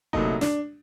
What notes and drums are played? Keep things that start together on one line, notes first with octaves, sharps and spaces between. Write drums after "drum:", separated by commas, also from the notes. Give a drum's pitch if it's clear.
C2 A#2 F#3 A3 D#4, drum: kick F#1
D4, drum: snare